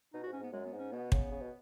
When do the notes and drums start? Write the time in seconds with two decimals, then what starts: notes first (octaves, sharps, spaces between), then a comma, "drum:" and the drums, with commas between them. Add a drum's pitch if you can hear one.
0.14 B2 D#4
0.23 G#2 F#4
0.33 C#4
0.39 G#2 B3
0.52 F#2 G#3
0.66 B3
0.73 G#2
0.79 C#4
0.92 B2 B3
1.12 C#3, drum: kick
1.31 C#3
1.41 B2